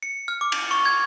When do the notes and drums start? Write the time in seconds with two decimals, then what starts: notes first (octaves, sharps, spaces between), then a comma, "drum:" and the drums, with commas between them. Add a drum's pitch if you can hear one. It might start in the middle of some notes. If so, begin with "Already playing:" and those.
0.03 C#7
0.28 F6
0.41 D6
0.52 drum: cymbal
0.71 C#6
0.85 G#6